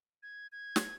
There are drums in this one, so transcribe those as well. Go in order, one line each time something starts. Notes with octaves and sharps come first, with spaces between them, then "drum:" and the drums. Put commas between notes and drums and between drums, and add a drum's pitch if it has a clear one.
G#6
G#6
drum: snare